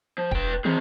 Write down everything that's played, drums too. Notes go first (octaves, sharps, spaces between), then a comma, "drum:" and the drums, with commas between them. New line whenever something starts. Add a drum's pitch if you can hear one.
F3
E1 B4 G5, drum: kick
E3 C4 G#4